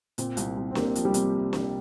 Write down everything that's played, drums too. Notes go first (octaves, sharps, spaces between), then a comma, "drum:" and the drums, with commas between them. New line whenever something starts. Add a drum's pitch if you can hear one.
A#2 C4, drum: hi-hat
C2, drum: hi-hat
C2
C4
A#3 G4, drum: snare
F3, drum: hi-hat
G3
C3, drum: hi-hat
drum: snare